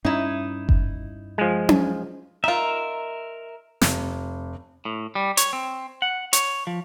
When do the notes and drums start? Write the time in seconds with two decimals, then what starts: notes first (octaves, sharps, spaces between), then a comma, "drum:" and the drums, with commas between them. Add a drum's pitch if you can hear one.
0.05 G2 C#4 D#4 E4
0.69 drum: kick F#1
1.38 F3 G#3
1.69 drum: tom C#4
2.44 D#4 F4 A#4 E5
3.81 F1, drum: snare
4.85 A2
5.15 G3
5.37 C#5, drum: hi-hat
5.53 C4
6.02 F#5
6.33 C#5, drum: hi-hat
6.67 F3